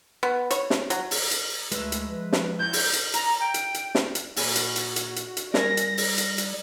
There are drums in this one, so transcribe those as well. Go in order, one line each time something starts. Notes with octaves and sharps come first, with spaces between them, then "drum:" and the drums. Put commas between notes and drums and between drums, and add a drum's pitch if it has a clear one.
B3
C#5, drum: hi-hat
drum: snare
F#3, drum: hi-hat
drum: open hi-hat
drum: hi-hat
D2 G#3 A3 B4 E5, drum: hi-hat
drum: hi-hat
F3 B4
drum: snare
E4 F#4 G6
drum: open hi-hat
drum: hi-hat
A#5, drum: hi-hat
G5
drum: hi-hat
drum: hi-hat
drum: snare
drum: hi-hat
A#2 F#4 G#5 B5, drum: open hi-hat
drum: hi-hat
drum: hi-hat
drum: hi-hat
drum: hi-hat
drum: hi-hat
G3 A#4 G#5 A#6, drum: snare
drum: hi-hat
drum: open hi-hat
drum: hi-hat
drum: hi-hat